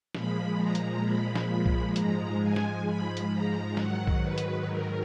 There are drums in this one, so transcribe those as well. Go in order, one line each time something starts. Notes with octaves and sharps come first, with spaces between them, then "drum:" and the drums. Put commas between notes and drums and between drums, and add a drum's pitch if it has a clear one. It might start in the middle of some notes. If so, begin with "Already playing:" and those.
A#2 F3 G#3 B5, drum: snare
A#5
drum: hi-hat
B5
drum: snare
drum: kick B1
G#2 F3 G#3 A#5, drum: hi-hat
G#5
drum: snare
B5
drum: hi-hat
A#5
G#2 D#3 F#3 F#5, drum: snare
drum: kick B1
B4
drum: hi-hat
A#4